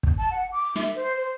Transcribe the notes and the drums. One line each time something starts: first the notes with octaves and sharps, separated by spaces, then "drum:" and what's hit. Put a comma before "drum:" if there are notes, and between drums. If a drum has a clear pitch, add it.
drum: kick
A5
F#5
D6
E5, drum: snare
C5
C5